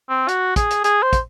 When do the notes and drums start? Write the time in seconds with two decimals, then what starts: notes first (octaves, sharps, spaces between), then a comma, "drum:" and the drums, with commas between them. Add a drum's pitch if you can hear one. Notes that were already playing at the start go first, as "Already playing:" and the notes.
0.09 C4
0.28 F#4, drum: hi-hat
0.56 G#4, drum: kick, hi-hat
0.70 drum: hi-hat
0.84 G#4, drum: hi-hat
1.03 C5
1.13 drum: kick, hi-hat